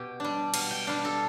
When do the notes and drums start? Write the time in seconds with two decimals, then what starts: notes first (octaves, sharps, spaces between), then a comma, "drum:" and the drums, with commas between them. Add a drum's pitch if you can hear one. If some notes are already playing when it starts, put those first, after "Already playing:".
Already playing: B2 G4
0.20 G3 D4
0.54 B2 F5, drum: cymbal
0.71 G5
0.87 G3 D4 F5
1.05 A4